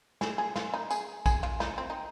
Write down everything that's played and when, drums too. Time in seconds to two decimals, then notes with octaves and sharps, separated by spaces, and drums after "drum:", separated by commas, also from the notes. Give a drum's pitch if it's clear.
0.21 G#4, drum: snare
0.38 G#4
0.55 F4, drum: snare
0.74 D#4
0.91 G#4, drum: tambourine
1.26 G#4, drum: kick A#1, tambourine
1.43 F4, drum: tom
1.60 D#4, drum: snare
1.78 C4
1.90 D#4